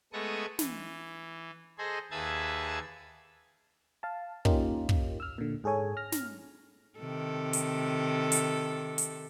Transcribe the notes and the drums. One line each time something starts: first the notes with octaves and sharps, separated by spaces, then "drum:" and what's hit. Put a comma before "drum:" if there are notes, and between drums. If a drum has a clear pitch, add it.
G#3 A3 B3 A4 C#6 D#6
E3, drum: snare
G#4 A4 C5 D#5 G#5
D#2 G#4 B4 E5 A5 G#6
F5 A5
A#3 C#4 D#4 F4 G4 A#4, drum: kick
drum: kick
E6 F6
A#2 D3
G#2 G#4 A4 C#5 G#5
F6 A#6
drum: snare
C3 D#3 A4
drum: hi-hat
drum: hi-hat
drum: hi-hat